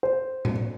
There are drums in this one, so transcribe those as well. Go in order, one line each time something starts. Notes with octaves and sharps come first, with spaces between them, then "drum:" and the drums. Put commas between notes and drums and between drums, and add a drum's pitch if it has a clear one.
C5
drum: tom A2